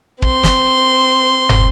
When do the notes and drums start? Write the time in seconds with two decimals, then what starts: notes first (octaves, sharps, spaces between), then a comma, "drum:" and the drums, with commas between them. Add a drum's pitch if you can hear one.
0.22 C4 C6, drum: kick
0.43 drum: snare
1.49 drum: tom